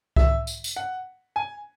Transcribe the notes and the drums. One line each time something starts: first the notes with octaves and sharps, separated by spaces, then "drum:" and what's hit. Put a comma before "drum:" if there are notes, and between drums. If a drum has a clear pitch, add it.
E5, drum: kick C2
drum: tambourine
drum: tambourine
F#5
G#5